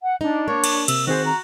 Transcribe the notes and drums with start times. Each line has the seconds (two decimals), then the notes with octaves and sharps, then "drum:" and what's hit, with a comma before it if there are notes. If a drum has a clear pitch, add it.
0.02 F#5
0.21 D4 D#4
0.48 A#3 C#5
0.64 drum: cymbal
0.88 C3 E6, drum: cymbal
1.07 D#3 C4 F#4 G#4 C5
1.25 A#5